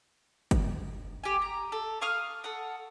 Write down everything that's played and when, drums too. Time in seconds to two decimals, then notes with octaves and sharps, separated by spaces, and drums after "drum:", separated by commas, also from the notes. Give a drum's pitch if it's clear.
0.51 drum: kick F#1, hi-hat
1.24 G4 G#5
1.42 A#5
1.72 A4
2.01 F5 C#6 D#6 F6
2.44 A4 F#5